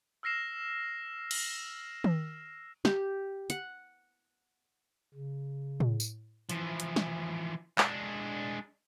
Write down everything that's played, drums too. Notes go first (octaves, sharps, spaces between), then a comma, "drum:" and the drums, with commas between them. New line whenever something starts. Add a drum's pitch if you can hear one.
E6 F6 A#6 C7 E7
drum: cymbal
drum: tom D#3
G4, drum: snare
F#5, drum: hi-hat
C#3
drum: tom A2
drum: tambourine
E3 F3, drum: hi-hat
drum: hi-hat
drum: snare
G#3 D4, drum: clap